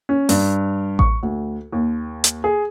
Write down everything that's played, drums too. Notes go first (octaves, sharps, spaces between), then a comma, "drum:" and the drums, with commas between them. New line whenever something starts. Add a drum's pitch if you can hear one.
C#4
G2, drum: open hi-hat
C#6, drum: kick A1
D2
D#2
drum: hi-hat
G#4